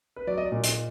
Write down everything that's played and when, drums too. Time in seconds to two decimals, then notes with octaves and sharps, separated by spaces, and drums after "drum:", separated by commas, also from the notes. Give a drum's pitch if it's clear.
0.16 B4
0.27 F#3 D5
0.37 D#5
0.46 D5
0.52 A#2
0.64 D#5, drum: hi-hat